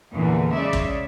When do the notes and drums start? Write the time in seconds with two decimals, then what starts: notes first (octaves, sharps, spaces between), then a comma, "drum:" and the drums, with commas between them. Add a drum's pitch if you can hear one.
0.13 E2 A#2 D3 E3
0.51 C#3 G#3 C#5 D5 E5
0.73 drum: kick